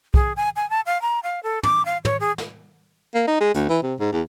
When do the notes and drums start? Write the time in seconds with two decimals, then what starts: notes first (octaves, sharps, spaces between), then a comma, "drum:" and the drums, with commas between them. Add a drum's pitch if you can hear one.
0.14 G#4, drum: kick
0.36 G#5
0.56 G#5
0.70 A5
0.86 F5
1.02 A#5
1.23 F5
1.43 A4
1.63 D6, drum: tom
1.85 F5
2.05 C#5, drum: tom
2.20 G#4
2.38 drum: snare
3.15 A#3
3.27 D#4
3.41 G#3
3.54 D2, drum: hi-hat
3.69 E3
3.83 C3
4.00 G#2
4.12 E2